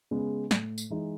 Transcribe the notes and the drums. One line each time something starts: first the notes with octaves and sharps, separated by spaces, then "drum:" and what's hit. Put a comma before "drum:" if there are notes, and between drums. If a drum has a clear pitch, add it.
C#3 G#3 B3
A2, drum: snare
drum: tambourine
E3 G#3 D#4